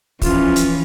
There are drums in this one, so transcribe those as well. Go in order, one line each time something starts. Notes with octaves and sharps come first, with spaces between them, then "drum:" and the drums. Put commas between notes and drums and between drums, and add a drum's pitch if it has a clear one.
E3 F3 C#4 F4, drum: kick, open hi-hat
drum: hi-hat